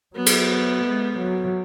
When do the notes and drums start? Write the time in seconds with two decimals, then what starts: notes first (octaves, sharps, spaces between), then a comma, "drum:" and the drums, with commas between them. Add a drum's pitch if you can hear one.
0.16 F#3 B3
0.26 drum: cymbal
0.84 G#3
1.18 F#3